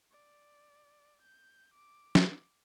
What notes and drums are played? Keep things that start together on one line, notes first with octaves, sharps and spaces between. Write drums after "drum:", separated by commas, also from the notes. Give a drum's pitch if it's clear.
D5
G6
D6
drum: snare